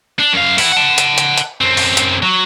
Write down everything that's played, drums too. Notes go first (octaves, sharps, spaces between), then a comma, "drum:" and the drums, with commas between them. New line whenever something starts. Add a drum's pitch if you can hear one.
D4
F#2 F5
E4 F#5, drum: open hi-hat
F#5 A5
drum: hi-hat
drum: hi-hat
drum: hi-hat
F#2 C4
drum: open hi-hat
drum: hi-hat
F#3